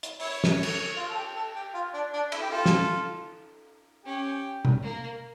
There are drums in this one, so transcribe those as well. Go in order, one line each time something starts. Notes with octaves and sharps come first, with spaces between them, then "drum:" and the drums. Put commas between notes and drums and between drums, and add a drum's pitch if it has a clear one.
drum: hi-hat
E4 C#5, drum: open hi-hat
drum: snare
drum: cymbal
F4
A4
G4
A4
G4
F4
D4
D4
E4, drum: cymbal
G4
F4 A4
drum: snare
C#4 G4
drum: tom B2
A#3